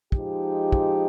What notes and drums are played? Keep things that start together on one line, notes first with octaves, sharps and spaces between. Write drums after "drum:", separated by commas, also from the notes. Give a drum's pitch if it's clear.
F3 G#3 D#4 G4, drum: kick
drum: kick